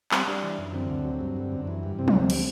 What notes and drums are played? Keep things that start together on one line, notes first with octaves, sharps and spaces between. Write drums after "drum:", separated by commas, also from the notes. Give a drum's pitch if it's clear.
G3 C4, drum: clap
G3 D4
E3
F#2
D3 C4
D2
F#3
G2
D3
F#2
E3
G2
C3 C4
D4, drum: tom F3
D2 C4
G3, drum: cymbal